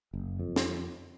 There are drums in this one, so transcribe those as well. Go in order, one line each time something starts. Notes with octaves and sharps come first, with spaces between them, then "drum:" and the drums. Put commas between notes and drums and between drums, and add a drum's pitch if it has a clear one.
F#1
F2
drum: snare